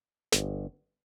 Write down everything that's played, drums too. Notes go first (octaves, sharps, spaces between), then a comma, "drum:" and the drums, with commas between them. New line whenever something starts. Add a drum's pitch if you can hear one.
G1, drum: snare